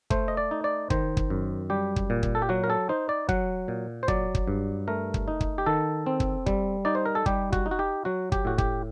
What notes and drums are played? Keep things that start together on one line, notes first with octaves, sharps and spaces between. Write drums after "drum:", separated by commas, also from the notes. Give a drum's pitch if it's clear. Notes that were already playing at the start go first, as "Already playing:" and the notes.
A3 C5, drum: kick
D#5
D5
D#4
D5
D#3 C5, drum: kick
drum: kick
F#2
G3 G4
drum: kick
A#2
drum: kick
A4
G4
F#3 F#4
A#4
A4
D#4 C5
D5
F#3 F#5, drum: kick
A#2
C5
F#3 D5, drum: kick
drum: kick
G2
A3 A#4
drum: kick
D#4
drum: kick
G4
D#3 A4
C4
drum: kick
G3, drum: kick
D#4 D5
C5
A#4
A4
G3 G4, drum: kick
F#4, drum: kick
D#4
F#4
G4
F#3 F#4
G4, drum: kick
A2 F#4
G4, drum: kick